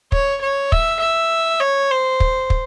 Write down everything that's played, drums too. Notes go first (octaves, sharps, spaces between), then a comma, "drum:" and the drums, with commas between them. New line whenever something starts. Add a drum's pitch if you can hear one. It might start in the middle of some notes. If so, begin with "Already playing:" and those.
C#5, drum: kick
C#5
E5, drum: kick
E5
C#5
C5
drum: kick
drum: kick